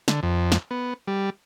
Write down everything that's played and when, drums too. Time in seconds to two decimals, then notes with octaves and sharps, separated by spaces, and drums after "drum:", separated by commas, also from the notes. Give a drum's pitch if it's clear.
0.08 D3, drum: snare
0.23 F2
0.52 drum: snare
0.71 B3
1.07 G3